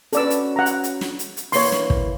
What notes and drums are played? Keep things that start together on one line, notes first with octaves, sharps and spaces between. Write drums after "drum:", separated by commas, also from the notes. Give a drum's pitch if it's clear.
C#4 F#4 A4 B4 D5 E6, drum: hi-hat
drum: hi-hat
F#5 A#5
drum: hi-hat
drum: hi-hat
drum: snare
drum: hi-hat
drum: hi-hat
E3 A#3 C#5 C6, drum: open hi-hat
drum: snare
drum: kick